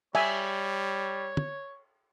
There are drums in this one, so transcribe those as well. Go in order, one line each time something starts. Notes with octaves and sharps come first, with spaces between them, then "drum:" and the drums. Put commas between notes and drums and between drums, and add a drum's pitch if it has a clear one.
G3 C#5 E5 G#5, drum: cymbal
drum: tom